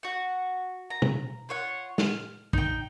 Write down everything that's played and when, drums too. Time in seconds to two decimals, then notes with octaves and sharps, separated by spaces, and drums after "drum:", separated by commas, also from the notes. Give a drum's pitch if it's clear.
0.03 F#4 F#5
0.90 A#5
1.02 drum: tom B2
1.49 F4 C#5 F#5
1.98 F6, drum: snare
2.53 D#4 G5, drum: kick